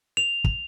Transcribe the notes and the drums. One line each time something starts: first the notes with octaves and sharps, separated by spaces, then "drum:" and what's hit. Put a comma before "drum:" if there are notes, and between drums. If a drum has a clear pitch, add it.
F7
drum: kick